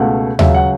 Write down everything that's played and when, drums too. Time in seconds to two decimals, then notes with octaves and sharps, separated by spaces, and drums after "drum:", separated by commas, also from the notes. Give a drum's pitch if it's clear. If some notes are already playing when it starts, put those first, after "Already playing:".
Already playing: C#2 B2 A3 F#5
0.39 C#2 C#3 F#3 E5, drum: tom D#2
0.54 F#5